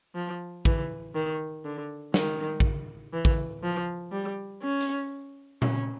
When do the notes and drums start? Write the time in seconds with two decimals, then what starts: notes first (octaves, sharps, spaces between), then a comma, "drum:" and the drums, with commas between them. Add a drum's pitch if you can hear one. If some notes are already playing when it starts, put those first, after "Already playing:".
0.15 F3
0.65 E3, drum: kick
1.15 D#3
1.65 D3
2.14 D#3, drum: snare
2.60 drum: kick
3.13 E3
3.25 drum: kick
3.63 F3
4.12 G3
4.63 C#4
4.81 drum: hi-hat
5.62 C#4, drum: tom A#2